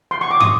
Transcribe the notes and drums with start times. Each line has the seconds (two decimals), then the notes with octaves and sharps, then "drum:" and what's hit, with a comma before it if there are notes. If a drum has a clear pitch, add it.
0.11 C6
0.21 C#6
0.31 D6
0.40 D#6, drum: tom